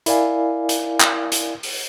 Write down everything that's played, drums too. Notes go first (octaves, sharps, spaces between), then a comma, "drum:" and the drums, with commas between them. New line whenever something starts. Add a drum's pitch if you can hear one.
E4 A#4 D5 F5 G#5, drum: hi-hat
drum: hi-hat
drum: clap
drum: hi-hat
drum: open hi-hat